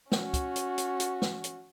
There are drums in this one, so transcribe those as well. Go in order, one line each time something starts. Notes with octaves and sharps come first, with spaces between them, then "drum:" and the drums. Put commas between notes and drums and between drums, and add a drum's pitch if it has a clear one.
C#4 F#4, drum: snare
drum: kick, hi-hat
drum: hi-hat
drum: hi-hat
drum: hi-hat
drum: snare
drum: hi-hat